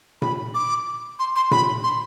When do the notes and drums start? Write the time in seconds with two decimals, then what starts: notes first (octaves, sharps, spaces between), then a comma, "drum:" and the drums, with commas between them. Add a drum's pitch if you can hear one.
0.22 B5, drum: tom A#2
0.55 D6
1.19 C6
1.36 C6
1.51 B5, drum: tom A#2
1.84 C6